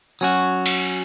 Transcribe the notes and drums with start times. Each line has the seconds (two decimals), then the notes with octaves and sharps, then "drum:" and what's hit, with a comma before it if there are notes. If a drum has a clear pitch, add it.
0.21 F#3 C#4 F#4
0.66 drum: cymbal